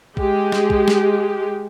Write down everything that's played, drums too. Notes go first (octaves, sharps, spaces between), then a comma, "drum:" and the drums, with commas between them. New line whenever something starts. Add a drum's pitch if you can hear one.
G#3 G4, drum: kick
drum: snare
drum: kick
drum: snare